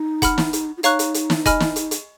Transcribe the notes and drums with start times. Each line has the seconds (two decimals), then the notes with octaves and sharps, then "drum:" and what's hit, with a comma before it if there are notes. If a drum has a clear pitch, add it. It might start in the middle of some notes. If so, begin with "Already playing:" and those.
Already playing: D#4
0.22 F#5 B5 F6, drum: kick F1, hi-hat
0.38 drum: snare
0.53 drum: hi-hat
0.77 F4
0.83 D#4 C#5 F5 A#5 C#6 F#6, drum: hi-hat
0.99 drum: hi-hat
1.14 drum: hi-hat
1.30 drum: snare
1.46 D#5 G#5 B5 F6, drum: kick F1, hi-hat
1.60 drum: snare
1.76 drum: hi-hat
1.91 drum: hi-hat